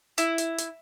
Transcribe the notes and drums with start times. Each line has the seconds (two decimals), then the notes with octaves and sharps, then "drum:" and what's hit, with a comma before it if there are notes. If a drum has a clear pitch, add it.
0.18 E4, drum: hi-hat
0.38 drum: hi-hat
0.58 drum: hi-hat